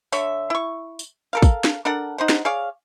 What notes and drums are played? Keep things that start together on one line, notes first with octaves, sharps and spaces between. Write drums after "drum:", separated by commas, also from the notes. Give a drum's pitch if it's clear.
D3 C#5 E5, drum: tambourine
E4 C#6
drum: tambourine
A4 A#4 F5
drum: kick, tambourine
drum: snare
D4 A4 A#4 F#5
D#4 C5 F#5
drum: snare
G#4 C#5 D5 F5